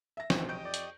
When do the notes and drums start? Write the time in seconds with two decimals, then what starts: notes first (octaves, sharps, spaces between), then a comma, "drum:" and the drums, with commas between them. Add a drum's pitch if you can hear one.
0.17 E5 A#6
0.30 B1 B2 D#3 E3 C4 F#4 C5, drum: snare
0.49 G4 D#5 C#6 G6 D7
0.63 F2 D5
0.74 drum: hi-hat